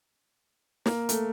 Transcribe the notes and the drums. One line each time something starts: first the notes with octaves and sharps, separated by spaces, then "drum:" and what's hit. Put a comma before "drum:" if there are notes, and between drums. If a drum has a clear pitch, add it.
A#3, drum: snare
A3, drum: hi-hat